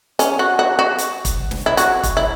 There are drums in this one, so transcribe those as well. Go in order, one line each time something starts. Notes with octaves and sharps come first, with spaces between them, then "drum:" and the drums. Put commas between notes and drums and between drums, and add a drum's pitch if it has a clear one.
C#4, drum: hi-hat
F#4
F#4
F#4
drum: hi-hat
drum: kick, hi-hat
drum: snare
E4
F#4, drum: hi-hat
drum: kick, hi-hat
E4